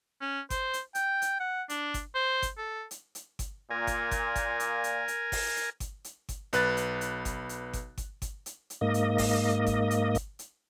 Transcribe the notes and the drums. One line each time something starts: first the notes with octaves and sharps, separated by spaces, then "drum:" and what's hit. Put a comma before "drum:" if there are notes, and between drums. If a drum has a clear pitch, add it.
C#4
C5, drum: kick G1, hi-hat
drum: hi-hat
G5, drum: hi-hat
drum: hi-hat
F#5
D4, drum: hi-hat
drum: kick G1, hi-hat
C5
drum: kick G1, hi-hat
A4
drum: hi-hat
drum: hi-hat
drum: kick G1, hi-hat
A#2 A#4 G#5
drum: kick G1, hi-hat
drum: kick G1, hi-hat
drum: kick G1, hi-hat
drum: hi-hat
drum: hi-hat
drum: hi-hat
drum: kick G1, open hi-hat
drum: hi-hat
drum: kick G1, hi-hat
drum: hi-hat
drum: kick G1, hi-hat
B1 B4 F#6 A6, drum: hi-hat
drum: hi-hat
drum: hi-hat
drum: kick G1, hi-hat
drum: hi-hat
drum: kick G1, hi-hat
drum: kick G1, hi-hat
drum: kick G1, hi-hat
drum: hi-hat
drum: hi-hat
G#2 A#3 D#5
drum: hi-hat
drum: kick G1, open hi-hat
drum: kick G1, hi-hat
drum: hi-hat
drum: kick G1, hi-hat
drum: hi-hat